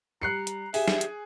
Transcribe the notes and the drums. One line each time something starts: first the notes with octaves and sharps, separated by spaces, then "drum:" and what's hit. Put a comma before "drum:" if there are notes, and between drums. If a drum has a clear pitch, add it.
G3 A#5 F#6 C7 C#7
drum: hi-hat
G4 G#4 E5, drum: open hi-hat
drum: snare
drum: hi-hat